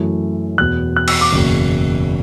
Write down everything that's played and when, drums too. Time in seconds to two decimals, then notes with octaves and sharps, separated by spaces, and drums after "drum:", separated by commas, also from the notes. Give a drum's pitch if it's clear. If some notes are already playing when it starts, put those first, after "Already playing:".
Already playing: F#2 E3 A3
0.58 E2 B2 B3 F#6
0.96 F#6
1.08 E6, drum: cymbal
1.21 D6
1.32 F#1 E2 B2